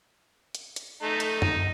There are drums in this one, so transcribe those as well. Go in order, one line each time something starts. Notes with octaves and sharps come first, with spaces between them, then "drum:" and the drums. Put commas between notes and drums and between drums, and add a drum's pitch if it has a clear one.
drum: hi-hat
drum: hi-hat
A3 D#4
drum: hi-hat
D#4, drum: tom F#2